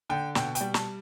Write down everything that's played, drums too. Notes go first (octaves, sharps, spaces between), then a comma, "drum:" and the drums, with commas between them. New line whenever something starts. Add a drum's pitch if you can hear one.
D3 G5
B2 G5, drum: snare
G5, drum: hi-hat
G3
A5, drum: snare